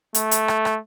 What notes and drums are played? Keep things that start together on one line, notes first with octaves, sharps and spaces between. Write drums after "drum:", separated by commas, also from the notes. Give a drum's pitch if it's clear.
A3, drum: hi-hat
drum: hi-hat
drum: rim click
drum: rim click